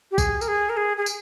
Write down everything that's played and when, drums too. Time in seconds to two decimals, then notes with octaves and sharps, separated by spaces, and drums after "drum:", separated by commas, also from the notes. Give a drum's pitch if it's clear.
0.11 G4
0.18 G#4, drum: kick, tambourine
0.41 A#4, drum: tambourine
0.48 G#4
0.69 A#4
0.77 G#4
0.97 G#4
1.06 drum: tambourine